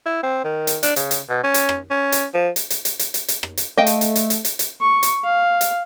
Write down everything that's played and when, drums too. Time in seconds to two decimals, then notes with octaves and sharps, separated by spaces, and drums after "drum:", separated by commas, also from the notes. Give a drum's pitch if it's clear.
0.06 E4
0.23 C4
0.44 D#3
0.67 drum: hi-hat
0.83 D4, drum: hi-hat
0.96 C#3, drum: hi-hat
1.11 drum: hi-hat
1.29 B2
1.43 C#4
1.54 drum: hi-hat
1.69 drum: rim click
1.90 C#4
2.12 drum: hi-hat
2.34 F3
2.56 drum: hi-hat
2.70 drum: hi-hat
2.85 drum: hi-hat
2.99 drum: hi-hat
3.14 drum: hi-hat
3.28 drum: hi-hat
3.43 drum: rim click
3.57 drum: hi-hat
3.78 A3 D#5 F5 G5
3.87 drum: hi-hat
4.01 drum: hi-hat
4.16 drum: hi-hat
4.30 drum: hi-hat
4.45 drum: hi-hat
4.59 drum: hi-hat
4.81 C#6
5.03 drum: hi-hat
5.24 F5
5.61 drum: hi-hat